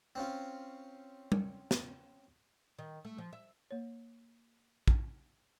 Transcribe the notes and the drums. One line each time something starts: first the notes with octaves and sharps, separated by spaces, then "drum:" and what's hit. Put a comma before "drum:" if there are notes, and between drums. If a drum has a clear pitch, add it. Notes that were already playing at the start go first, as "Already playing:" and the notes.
C4 C#4 F4
drum: tom
drum: snare
D#3
A3
F3
E5
A#3 C#5
drum: kick